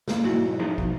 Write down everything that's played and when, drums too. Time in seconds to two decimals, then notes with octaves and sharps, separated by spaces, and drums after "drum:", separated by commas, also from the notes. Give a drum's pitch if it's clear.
0.08 C#3 A#3, drum: snare
0.22 B1 G#2 E4 F#4
0.59 F3 D#4 G#4 A#4
0.78 B2, drum: kick